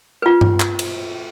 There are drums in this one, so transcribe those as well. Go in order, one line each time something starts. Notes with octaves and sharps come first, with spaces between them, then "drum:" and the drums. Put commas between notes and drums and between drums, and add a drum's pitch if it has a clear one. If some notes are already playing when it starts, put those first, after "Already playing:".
F4 B4
drum: tom G2
drum: clap
drum: cymbal